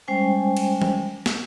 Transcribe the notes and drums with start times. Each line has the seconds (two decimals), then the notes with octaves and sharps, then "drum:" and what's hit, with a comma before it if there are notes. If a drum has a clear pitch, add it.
0.08 G3 G#3 C#4 C5 G5 G#5
0.57 drum: cymbal
0.82 drum: tom E3
1.26 drum: snare